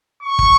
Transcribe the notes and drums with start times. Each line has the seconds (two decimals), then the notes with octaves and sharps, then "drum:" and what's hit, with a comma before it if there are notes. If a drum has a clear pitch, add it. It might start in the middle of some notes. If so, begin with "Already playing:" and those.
0.23 C#6
0.39 drum: kick